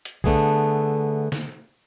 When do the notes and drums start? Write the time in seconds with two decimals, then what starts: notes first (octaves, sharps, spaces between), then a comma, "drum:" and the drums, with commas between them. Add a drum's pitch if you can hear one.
0.05 drum: hi-hat
0.24 D3 A3 B3 G#4, drum: kick
1.32 drum: snare